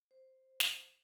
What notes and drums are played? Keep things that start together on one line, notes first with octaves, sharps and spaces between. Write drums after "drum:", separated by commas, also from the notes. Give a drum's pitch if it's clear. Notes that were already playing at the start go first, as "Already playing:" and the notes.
C5
drum: snare